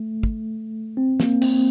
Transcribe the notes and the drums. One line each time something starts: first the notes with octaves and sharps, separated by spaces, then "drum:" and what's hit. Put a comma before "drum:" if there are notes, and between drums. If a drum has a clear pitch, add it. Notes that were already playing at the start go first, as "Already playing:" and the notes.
Already playing: A3
drum: kick
C4
A#3, drum: snare
C4, drum: cymbal